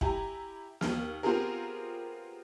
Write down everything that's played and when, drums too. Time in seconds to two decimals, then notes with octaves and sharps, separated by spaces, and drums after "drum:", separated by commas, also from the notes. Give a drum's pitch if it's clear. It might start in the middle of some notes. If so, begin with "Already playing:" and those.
0.01 E4 G4 G#5 A#5, drum: kick
0.81 D#2 F6, drum: snare
1.23 B3 C4 F4 G4 G#4 A#4